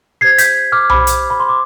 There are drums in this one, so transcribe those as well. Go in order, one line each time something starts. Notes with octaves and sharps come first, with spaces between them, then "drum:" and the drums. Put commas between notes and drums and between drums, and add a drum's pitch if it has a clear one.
G4 C5 G#6 C7
G6 B6, drum: hi-hat
D6 F6
G4 C5 B5 D6, drum: tom B1
drum: hi-hat
B5
C6
D6